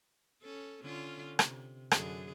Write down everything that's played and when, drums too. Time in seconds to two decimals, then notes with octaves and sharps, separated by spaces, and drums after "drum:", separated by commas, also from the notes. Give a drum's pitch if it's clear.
0.42 C#4 A4
0.82 D3 C#4 F4
1.39 C3, drum: rim click
1.91 F#2 D3 G#4, drum: rim click